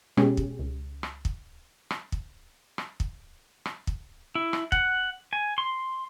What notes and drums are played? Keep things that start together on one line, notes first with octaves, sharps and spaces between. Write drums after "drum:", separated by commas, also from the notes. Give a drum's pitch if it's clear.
B2 G#3 C#4 G4 G#4, drum: rim click
drum: kick
C#2
drum: rim click
drum: kick
drum: rim click
drum: kick
drum: rim click
drum: kick
drum: rim click
drum: kick
E4
drum: rim click
F#5, drum: kick
G#5
C6